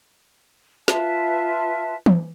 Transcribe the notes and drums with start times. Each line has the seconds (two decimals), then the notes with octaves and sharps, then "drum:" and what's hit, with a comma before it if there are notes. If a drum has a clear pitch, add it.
0.88 F4 B4 E5 A5, drum: snare
2.06 drum: tom E3